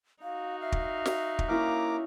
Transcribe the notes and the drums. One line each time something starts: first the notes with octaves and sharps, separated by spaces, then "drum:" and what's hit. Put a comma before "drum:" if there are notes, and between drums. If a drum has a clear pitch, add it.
D#4 F#4 F5
E5 F5
drum: kick
drum: snare
drum: kick
A#3 C#4 E4 F5 A#5 D6